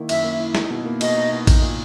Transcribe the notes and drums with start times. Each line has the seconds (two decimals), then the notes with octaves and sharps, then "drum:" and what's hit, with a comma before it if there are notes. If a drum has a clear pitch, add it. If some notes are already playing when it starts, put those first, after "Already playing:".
Already playing: D#3 A#3 E4
0.09 F#2 E5, drum: cymbal
0.24 A#3
0.40 E4
0.55 D#4, drum: snare
0.71 B2
0.85 A#3
1.01 B2 D#5, drum: cymbal
1.17 D#4
1.32 B2
1.47 D#4, drum: kick A1, cymbal
1.62 A#2